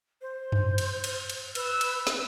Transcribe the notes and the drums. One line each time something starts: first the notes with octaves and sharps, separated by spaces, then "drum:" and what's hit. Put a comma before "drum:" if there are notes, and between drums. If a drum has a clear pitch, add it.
C5
drum: tom F#2
drum: cymbal
drum: cymbal
drum: cymbal
B4 E6, drum: cymbal
drum: cymbal
drum: snare